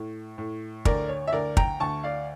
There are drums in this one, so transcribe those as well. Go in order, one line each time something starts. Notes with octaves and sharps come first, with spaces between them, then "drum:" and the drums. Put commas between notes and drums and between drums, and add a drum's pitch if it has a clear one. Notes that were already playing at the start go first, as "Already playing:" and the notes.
Already playing: A2
A2
D2 A#4 D5, drum: kick
C#5
E5
D2 A#4 D5
G5 A#5, drum: kick
D2 A5 C#6
D5 F5